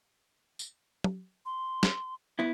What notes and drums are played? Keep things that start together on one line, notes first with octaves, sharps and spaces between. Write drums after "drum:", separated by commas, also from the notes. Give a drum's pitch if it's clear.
drum: tambourine
drum: tom
C6
drum: snare
B3 E4